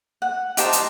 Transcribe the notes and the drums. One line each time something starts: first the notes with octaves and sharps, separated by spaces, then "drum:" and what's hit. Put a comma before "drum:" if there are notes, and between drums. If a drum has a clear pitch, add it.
F#5
D#4 G4 C5 A5, drum: hi-hat
drum: hi-hat